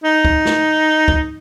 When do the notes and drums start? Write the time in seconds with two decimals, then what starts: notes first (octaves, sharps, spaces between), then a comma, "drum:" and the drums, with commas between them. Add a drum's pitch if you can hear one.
0.04 D#4
0.25 drum: kick
0.45 drum: snare
1.08 drum: kick